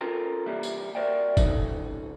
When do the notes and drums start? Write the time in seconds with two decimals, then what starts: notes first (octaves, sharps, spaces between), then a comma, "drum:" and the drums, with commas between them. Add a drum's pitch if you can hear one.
0.01 C#4 F4 A4 A#4 G5 A#5
0.46 C3 E3 G3 A#3 E4 G4
0.63 drum: tambourine
0.95 F#4 A#4 C5 D5 E5 G5
1.37 C2 G#2 C#3 D#4 A4, drum: kick, tambourine